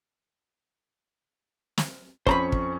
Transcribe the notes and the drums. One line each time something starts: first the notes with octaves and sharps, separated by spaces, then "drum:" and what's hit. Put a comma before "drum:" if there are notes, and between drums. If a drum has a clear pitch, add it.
drum: snare
F2 C#4 C5 A#5 B5 C#6, drum: kick
drum: kick